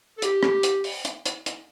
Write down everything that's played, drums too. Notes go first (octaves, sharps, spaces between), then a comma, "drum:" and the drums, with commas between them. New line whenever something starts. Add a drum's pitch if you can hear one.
A4
G4, drum: hi-hat
drum: rim click
drum: hi-hat
drum: open hi-hat
drum: hi-hat
drum: hi-hat
drum: hi-hat